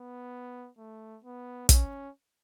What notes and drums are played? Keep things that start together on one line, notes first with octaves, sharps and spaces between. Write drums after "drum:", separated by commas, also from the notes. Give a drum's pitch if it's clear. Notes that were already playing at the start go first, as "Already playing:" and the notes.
Already playing: B3
A3
B3
C#4, drum: kick, hi-hat